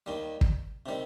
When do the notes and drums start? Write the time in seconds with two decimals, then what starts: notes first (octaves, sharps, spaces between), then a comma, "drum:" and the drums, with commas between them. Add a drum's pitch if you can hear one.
0.06 D#2 D#3 G3
0.41 drum: kick
0.86 C3 D#3 G3